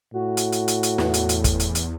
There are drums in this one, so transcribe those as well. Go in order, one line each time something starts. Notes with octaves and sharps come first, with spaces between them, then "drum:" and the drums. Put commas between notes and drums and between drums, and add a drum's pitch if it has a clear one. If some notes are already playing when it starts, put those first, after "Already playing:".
A2 F#4
drum: hi-hat
drum: hi-hat
drum: hi-hat
drum: hi-hat
E2, drum: snare
drum: hi-hat
drum: hi-hat
drum: kick, hi-hat
drum: hi-hat
drum: hi-hat